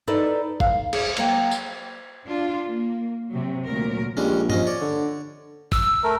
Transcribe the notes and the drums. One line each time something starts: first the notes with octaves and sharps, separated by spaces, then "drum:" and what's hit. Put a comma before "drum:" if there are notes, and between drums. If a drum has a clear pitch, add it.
D#4 E4 A4 B4 D5 D#5
F5, drum: kick
G#4, drum: cymbal
F#3 A#3 G5, drum: cymbal
drum: tambourine
D4 F4
A#3
C3 F#3
D2 A#2 F#3 A#4
A#1 G3 G#3 C#4
F3 C#4 D#5, drum: tom
C#5 D5
D3
E6, drum: kick
A3 A#4